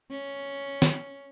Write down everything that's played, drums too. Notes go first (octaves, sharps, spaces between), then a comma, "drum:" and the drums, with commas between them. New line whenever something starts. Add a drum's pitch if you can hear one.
C#4
drum: snare